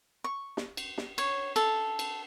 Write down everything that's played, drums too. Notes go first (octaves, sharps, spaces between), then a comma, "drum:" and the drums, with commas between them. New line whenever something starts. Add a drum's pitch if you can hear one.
C#6
drum: snare
drum: cymbal
drum: snare
C#5, drum: cymbal
A4, drum: cymbal
drum: cymbal